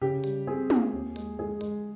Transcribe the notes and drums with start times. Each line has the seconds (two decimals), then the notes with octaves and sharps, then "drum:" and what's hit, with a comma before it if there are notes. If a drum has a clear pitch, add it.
0.01 C#3 G4
0.24 G3, drum: hi-hat
0.47 C4 G#4
0.70 F4, drum: tom
0.93 D#2
1.16 G#3, drum: hi-hat
1.39 G#3 G#4
1.61 G#3, drum: hi-hat